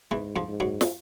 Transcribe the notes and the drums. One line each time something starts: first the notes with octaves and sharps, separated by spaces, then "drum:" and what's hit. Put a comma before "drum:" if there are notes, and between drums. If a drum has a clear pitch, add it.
E2 G#2 E3
F2 F3
G#2
F#2 F#3
drum: snare